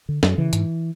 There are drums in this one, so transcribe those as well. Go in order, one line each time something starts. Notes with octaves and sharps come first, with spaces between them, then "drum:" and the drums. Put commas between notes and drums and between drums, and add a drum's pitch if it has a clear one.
D3
F#2 F#3, drum: snare
C#3 E3
G#2, drum: hi-hat